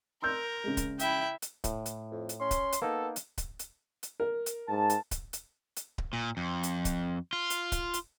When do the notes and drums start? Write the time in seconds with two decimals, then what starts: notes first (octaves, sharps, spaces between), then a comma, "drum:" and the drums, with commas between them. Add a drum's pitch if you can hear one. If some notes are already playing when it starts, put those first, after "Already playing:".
0.22 A#4 C6 E6 G6
0.64 C#3 G#3
0.77 drum: kick D1, hi-hat
0.99 E4 E5 G5, drum: hi-hat
1.42 drum: hi-hat
1.64 A2, drum: kick D1, hi-hat
1.86 drum: hi-hat
2.11 F2
2.29 drum: hi-hat
2.40 C#4 C6
2.51 drum: kick D1, hi-hat
2.72 drum: hi-hat
2.82 A#3 B3 D#4 A4
3.16 drum: hi-hat
3.38 drum: kick D1, hi-hat
3.59 drum: hi-hat
4.03 drum: hi-hat
4.20 A#4
4.46 drum: hi-hat
4.69 G#2 A5
4.90 drum: hi-hat
5.11 drum: kick D1, hi-hat
5.33 drum: hi-hat
5.76 drum: hi-hat
5.98 drum: kick D1
6.13 A#2
6.37 F2
6.63 drum: hi-hat
6.85 drum: kick D1, hi-hat
7.33 F4
7.50 drum: hi-hat
7.72 drum: kick D1, hi-hat
7.94 drum: hi-hat